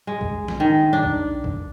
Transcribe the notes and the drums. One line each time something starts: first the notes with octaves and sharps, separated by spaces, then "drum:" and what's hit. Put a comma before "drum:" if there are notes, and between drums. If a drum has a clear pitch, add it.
G#3
drum: kick B1
drum: snare
D#3
D4
drum: kick B1
drum: kick B1